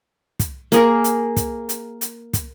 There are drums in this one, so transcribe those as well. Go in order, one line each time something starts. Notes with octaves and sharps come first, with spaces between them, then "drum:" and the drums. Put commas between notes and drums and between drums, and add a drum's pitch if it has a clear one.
drum: kick, hi-hat
A#3 G#4 A#4, drum: hi-hat
drum: hi-hat
drum: kick, hi-hat
drum: hi-hat
drum: hi-hat
drum: kick, hi-hat